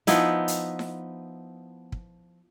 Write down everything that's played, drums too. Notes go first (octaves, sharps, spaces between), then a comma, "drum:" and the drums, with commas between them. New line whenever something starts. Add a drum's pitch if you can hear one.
F3 B3 D#4 E4, drum: hi-hat
drum: hi-hat
drum: snare D#4
drum: kick